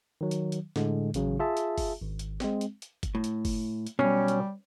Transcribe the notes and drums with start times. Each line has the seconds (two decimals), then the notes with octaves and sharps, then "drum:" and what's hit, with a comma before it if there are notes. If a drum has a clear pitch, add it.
0.21 D#3 F#3
0.31 drum: hi-hat
0.52 drum: hi-hat
0.76 A2 D3 G#3, drum: snare
1.14 A1 C#3 F#3, drum: hi-hat
1.39 F4 G#4 E5 A5
1.57 drum: hi-hat
1.78 drum: kick F#1, open hi-hat
2.02 G#1
2.19 drum: hi-hat
2.40 G#3 C4, drum: snare
2.61 drum: hi-hat
2.82 drum: hi-hat
3.03 drum: kick F#1, hi-hat
3.15 A2
3.24 drum: hi-hat
3.45 drum: kick F#1, open hi-hat
3.87 drum: hi-hat
3.99 B1 B2 G3 C#4
4.28 drum: hi-hat